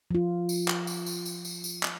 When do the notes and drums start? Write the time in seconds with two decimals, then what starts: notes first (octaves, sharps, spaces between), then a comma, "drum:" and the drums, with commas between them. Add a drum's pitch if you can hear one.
0.11 F3 F4
0.49 drum: tambourine
0.68 drum: clap
0.87 drum: tambourine
1.06 drum: tambourine
1.26 drum: tambourine
1.45 drum: tambourine
1.64 drum: tambourine
1.83 drum: clap